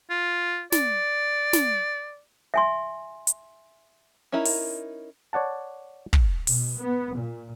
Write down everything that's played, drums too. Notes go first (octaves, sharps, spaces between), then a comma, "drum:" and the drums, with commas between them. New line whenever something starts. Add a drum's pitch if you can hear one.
F4
D5, drum: snare
drum: snare
E5 G#5 C6
drum: hi-hat
C#4 D#4 E4 A#4
drum: open hi-hat
C#5 D5 F#5 A5
drum: kick
B2, drum: open hi-hat
B3
A#2